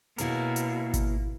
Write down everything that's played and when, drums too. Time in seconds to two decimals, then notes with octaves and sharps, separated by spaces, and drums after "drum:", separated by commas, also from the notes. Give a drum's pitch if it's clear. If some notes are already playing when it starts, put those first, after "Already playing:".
0.18 B2 A#3 E4 G#4 A#4 C#5, drum: hi-hat
0.56 drum: hi-hat
0.94 drum: kick G#1, hi-hat